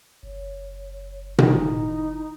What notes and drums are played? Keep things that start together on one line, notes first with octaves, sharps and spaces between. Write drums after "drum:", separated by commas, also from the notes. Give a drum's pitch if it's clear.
F#1 C#5
F#1 D#3 D#4 E4, drum: tom A#2